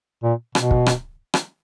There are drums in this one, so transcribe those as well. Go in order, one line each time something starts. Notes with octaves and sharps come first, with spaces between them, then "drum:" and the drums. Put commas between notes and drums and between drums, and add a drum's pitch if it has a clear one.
A#2
B2, drum: rim click
drum: kick
drum: rim click
drum: rim click